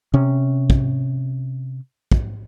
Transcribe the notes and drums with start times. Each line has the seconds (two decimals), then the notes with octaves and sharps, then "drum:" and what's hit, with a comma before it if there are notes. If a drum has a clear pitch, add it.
0.14 C3 C#4
0.70 drum: kick
2.12 drum: kick